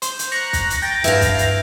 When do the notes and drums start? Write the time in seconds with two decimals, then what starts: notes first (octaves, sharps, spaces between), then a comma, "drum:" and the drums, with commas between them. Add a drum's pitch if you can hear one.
0.02 C5, drum: hi-hat
0.19 drum: hi-hat
0.32 A#5 C#6 F#6 A#6
0.53 drum: kick, hi-hat
0.70 drum: hi-hat
0.82 G5 A6
1.04 G2 E4 F5, drum: hi-hat
1.21 drum: kick, hi-hat
1.39 drum: hi-hat